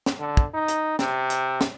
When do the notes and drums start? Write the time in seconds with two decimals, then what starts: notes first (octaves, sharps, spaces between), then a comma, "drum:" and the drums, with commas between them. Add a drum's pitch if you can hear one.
0.06 drum: snare
0.20 D3
0.37 drum: kick
0.54 D#4
0.68 drum: hi-hat
0.99 C3, drum: snare
1.30 drum: hi-hat
1.61 drum: snare